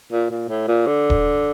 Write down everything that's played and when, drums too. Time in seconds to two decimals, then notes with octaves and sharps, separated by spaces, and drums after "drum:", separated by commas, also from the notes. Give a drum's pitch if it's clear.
0.12 A#2
0.31 A#2
0.49 A2
0.68 A#2
0.87 D3
1.10 drum: kick D#1